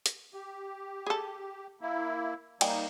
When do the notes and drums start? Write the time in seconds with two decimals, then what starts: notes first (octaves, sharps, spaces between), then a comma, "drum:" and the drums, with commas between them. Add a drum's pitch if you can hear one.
0.06 drum: hi-hat
0.34 G4
1.06 G#4 A4
1.81 A#3 E4
2.61 G3 A#3 D#4 G5 G#5, drum: cymbal